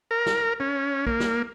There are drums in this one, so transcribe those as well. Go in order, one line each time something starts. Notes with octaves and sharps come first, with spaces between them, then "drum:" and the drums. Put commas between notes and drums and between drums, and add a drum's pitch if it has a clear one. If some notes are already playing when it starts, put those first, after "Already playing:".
A#4
drum: snare
C#4
A#3, drum: kick
drum: snare